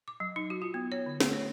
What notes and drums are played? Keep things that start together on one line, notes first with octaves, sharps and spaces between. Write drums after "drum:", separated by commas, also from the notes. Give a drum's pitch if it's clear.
D6
F#3
D#4
F#4
F4
B3
C#5
D3
A3, drum: snare
C#5